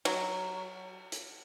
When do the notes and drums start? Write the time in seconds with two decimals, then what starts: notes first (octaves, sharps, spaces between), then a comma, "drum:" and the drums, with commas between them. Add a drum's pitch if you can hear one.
0.05 F#3, drum: cymbal
1.12 drum: hi-hat